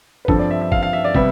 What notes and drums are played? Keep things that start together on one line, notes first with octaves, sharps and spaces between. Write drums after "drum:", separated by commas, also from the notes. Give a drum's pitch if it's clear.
B4
G2 F3 C4 A4, drum: kick
D5
E5
E5
F5, drum: kick
F5
E5
D5
C3 G3 B3 E5, drum: kick